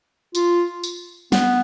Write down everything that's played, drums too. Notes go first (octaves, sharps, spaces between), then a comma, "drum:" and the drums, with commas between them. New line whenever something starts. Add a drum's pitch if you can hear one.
F4, drum: tambourine
drum: tambourine
B3, drum: snare